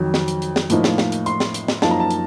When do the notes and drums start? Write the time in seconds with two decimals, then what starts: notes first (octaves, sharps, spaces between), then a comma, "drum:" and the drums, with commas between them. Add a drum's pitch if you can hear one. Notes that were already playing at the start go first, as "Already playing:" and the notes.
Already playing: F2 D#3 F#3
0.14 drum: snare
0.28 drum: hi-hat
0.42 drum: hi-hat
0.56 drum: snare
0.70 A2 F3 A#3 D#4, drum: hi-hat
0.84 drum: snare
0.98 drum: snare
1.12 drum: hi-hat
1.26 C6, drum: hi-hat
1.40 drum: snare
1.54 drum: hi-hat
1.68 drum: snare
1.82 F#2 F3 A#3 D#4 A5, drum: snare
1.91 A#5
2.00 A5
2.11 drum: hi-hat